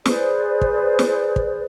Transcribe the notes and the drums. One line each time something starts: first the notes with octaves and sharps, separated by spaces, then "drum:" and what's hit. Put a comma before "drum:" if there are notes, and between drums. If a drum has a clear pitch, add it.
G#4 B4 C5 D5, drum: snare
drum: kick
drum: snare
drum: kick